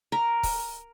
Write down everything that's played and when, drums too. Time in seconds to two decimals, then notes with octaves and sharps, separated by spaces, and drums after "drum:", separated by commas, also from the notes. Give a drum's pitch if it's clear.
0.12 A#4
0.43 drum: kick C#1, open hi-hat